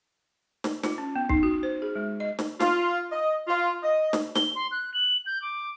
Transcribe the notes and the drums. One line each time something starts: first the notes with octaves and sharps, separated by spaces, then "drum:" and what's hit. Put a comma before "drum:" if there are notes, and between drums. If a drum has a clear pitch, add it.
drum: snare
F4, drum: snare
C#4
B3
D#4, drum: kick
F#4
C5
G#4
G#3
D#5
drum: snare
F4, drum: snare
D#5
F4
D#5
drum: snare
G7, drum: snare
C6
F#6
F#7
G6
D6